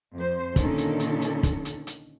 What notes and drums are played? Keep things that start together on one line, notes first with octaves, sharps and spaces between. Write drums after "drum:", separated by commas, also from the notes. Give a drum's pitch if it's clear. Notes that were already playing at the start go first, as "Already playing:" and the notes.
F2 C5
A#2 D3 D#3 C#4 D4 A4, drum: kick, hi-hat
drum: hi-hat
drum: hi-hat
drum: hi-hat
drum: kick, hi-hat
drum: hi-hat
drum: hi-hat